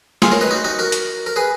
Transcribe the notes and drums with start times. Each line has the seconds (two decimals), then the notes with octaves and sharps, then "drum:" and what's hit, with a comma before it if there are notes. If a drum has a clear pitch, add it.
0.22 F4 G#4, drum: snare
0.31 A#4 C#5
0.41 B4 D#5
0.51 D#4 F#4
0.64 D#4 F#4
0.79 F#4 A#4
0.92 drum: hi-hat
1.26 A#4
1.36 G#4 B4